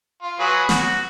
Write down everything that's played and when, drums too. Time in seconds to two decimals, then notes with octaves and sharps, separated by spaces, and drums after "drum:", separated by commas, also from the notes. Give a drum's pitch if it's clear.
0.22 F4
0.39 F#3 G#4 B4
0.69 F#4, drum: snare